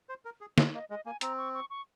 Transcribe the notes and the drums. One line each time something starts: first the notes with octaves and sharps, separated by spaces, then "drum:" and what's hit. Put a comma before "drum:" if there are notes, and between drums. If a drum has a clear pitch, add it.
C5
A#4
G#4
C4 F5, drum: snare
A#3 D#5
G#3 D#5
A#3 G#5
C4 A#5, drum: hi-hat
C#6
C#6
C#6